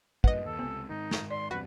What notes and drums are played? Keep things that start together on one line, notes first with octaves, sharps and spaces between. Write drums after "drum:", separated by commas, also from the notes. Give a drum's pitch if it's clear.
G2 A#2 B4 D#5 F#5, drum: kick
D#2 A4
C#2 C3 B3
G#2 D#3 D#4
drum: snare
D5 C6
E2 G2 C3 F#4 B4